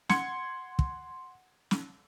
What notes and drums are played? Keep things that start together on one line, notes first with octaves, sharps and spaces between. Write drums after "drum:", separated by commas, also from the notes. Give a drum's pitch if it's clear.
F#5 C6 G#6 C#7, drum: snare
drum: kick
drum: snare